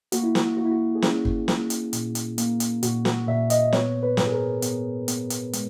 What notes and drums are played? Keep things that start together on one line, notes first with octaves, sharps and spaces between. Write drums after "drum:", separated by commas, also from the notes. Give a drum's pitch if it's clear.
A#3 F#4, drum: hi-hat
E4
F#4, drum: snare
A#3 F#4
E4
F#4
G#4
C#4 F#4, drum: snare
drum: kick G1
A#3, drum: snare
drum: hi-hat
A#2, drum: hi-hat
drum: hi-hat
A#3, drum: hi-hat
drum: hi-hat
A#2 F#4, drum: hi-hat
F#4, drum: snare
A#2 E5
D#5, drum: hi-hat
B3 C#5, drum: snare
B4
G#2, drum: snare
G#4
A#4
B3, drum: hi-hat
B3, drum: hi-hat
drum: hi-hat
G#3, drum: hi-hat